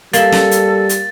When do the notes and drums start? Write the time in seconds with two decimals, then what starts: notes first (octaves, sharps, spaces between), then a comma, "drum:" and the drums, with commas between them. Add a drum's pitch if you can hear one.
0.13 G3 A#3 A4 E5 A6, drum: hi-hat
0.32 drum: snare
0.51 drum: hi-hat
0.89 drum: hi-hat